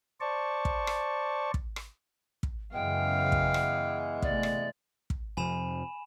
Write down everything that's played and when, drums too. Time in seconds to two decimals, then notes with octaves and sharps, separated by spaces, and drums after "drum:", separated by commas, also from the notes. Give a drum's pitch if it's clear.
0.21 C5 D5 A5 C#6
0.65 drum: kick
0.87 drum: rim click
1.54 drum: kick
1.76 drum: rim click
2.43 drum: kick
2.73 F#2 C#3 E3 G#3 B3 F5 G5
3.32 drum: kick
3.54 drum: rim click
4.22 C3 A3 D5, drum: kick
4.43 drum: rim click
5.10 drum: kick
5.37 F2 C3 F3 G#5 B5 E7